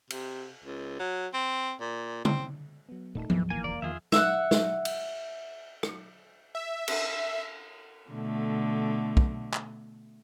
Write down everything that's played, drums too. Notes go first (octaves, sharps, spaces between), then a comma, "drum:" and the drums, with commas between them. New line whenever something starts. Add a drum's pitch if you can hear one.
C3, drum: cymbal
C#2
F#3
C4
A#2
C4, drum: tom
F#3 B3
D#1 A#2 A3 D#4 A4
D2 G#2 E3, drum: tom F3
G#1 D#3 E3 A#3 G#5
E1 D5
E2 D#3 F3 F4 G#4 E5
E5 F#5, drum: snare
drum: snare
drum: cymbal
drum: rim click
E5
drum: cymbal
B2 D3 A3
drum: kick
drum: clap